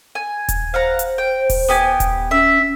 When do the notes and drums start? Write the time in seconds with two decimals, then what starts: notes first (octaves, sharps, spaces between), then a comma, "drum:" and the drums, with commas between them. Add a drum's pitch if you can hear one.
0.15 G#5
0.49 drum: kick D#1, hi-hat
0.74 C5 F5 F#5 A#5
0.99 drum: hi-hat
1.18 G5
1.50 drum: kick D#1, open hi-hat
1.68 B3 G4 G#5
2.00 drum: kick D#1, hi-hat
2.31 C#4 E5